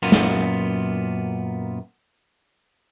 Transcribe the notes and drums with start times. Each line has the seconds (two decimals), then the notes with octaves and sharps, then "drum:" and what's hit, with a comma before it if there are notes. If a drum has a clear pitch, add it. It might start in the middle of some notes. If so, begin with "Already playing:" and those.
0.02 F#2 A#2 B3 F4
0.12 drum: snare